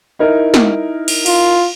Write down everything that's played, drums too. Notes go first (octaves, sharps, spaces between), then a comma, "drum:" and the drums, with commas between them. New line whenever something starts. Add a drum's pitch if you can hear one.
D#4 E4 A#4
drum: snare
drum: cymbal
F4, drum: cymbal